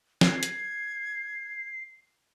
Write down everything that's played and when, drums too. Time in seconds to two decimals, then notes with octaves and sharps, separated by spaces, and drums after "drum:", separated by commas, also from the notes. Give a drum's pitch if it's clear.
0.21 G#6 C7, drum: snare
0.43 drum: hi-hat